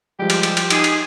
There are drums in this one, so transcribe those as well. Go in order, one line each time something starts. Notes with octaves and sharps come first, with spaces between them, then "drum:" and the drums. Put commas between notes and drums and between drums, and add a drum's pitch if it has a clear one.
F3 G3 G#3 G4
drum: cymbal
drum: cymbal
drum: cymbal
D#4 G#4, drum: cymbal
drum: cymbal